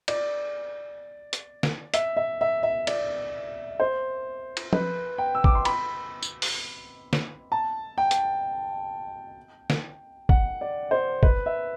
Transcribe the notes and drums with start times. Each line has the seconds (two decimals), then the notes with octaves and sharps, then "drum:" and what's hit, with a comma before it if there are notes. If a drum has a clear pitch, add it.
0.08 D5, drum: cymbal
1.33 drum: hi-hat
1.63 drum: snare
1.94 E5, drum: hi-hat
2.17 E5
2.41 E5
2.63 E5
2.87 D5, drum: cymbal
3.80 C5
4.57 drum: cymbal
4.73 B4, drum: tom F3
5.18 G5
5.35 E6
5.44 D6, drum: kick
5.55 C6
5.65 B5, drum: cymbal
6.23 drum: tambourine
6.42 drum: open hi-hat
7.13 drum: snare
7.52 A5
7.98 G5
8.11 drum: hi-hat
9.70 drum: snare
10.29 F#5, drum: kick
10.61 D5
10.91 C5
11.23 B4, drum: kick
11.46 E5